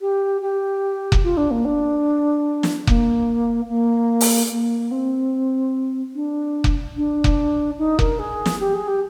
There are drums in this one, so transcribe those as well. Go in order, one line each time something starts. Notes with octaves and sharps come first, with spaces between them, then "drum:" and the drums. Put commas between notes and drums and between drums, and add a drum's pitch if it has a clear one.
G4
G4
drum: kick F1
F4
D4
A#3
D4
drum: snare
A#3, drum: kick F1
A#3
drum: open hi-hat
A#3
C4
D4
drum: kick F1
D4
drum: kick F1
D#4
A#4, drum: kick F1
G#4
drum: snare
G4
G#4
G4